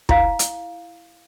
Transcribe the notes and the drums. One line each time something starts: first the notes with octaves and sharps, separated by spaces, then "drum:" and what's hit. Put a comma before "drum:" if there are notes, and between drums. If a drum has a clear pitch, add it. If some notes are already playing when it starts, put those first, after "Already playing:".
E4 F5, drum: kick
drum: hi-hat